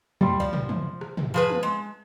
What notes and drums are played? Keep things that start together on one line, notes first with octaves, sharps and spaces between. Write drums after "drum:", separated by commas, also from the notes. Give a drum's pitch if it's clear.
G3 C6, drum: tom
F3 D5
drum: tom
drum: tom
drum: rim click
drum: tom
F3 G#4 B4 B5
drum: tom
G#3